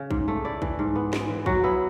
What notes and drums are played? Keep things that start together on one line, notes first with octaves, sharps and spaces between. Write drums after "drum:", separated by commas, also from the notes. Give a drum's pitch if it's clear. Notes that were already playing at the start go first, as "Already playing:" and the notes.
Already playing: C#3
G#2, drum: kick A#1
A3
E4 D5
E3, drum: kick A#1
G#2
B3
G#3, drum: snare
E3
F#3 F#4, drum: kick A#1
B3 E4